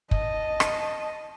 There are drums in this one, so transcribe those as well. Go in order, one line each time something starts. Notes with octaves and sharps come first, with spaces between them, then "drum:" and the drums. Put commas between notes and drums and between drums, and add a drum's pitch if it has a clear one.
D#5 A5, drum: kick
drum: rim click